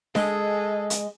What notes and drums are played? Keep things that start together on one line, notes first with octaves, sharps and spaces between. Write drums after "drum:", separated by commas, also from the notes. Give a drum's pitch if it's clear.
G#3 G#4 A4 D#5, drum: snare D4
drum: hi-hat